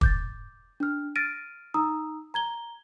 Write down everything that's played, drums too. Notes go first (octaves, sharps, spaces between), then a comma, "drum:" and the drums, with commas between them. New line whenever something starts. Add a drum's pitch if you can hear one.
D6 G6 A6, drum: kick
D4 F6
F6 A6 A#6 D7 D#7
D#4 A#5 D#6 E6
A#5 G#6 G7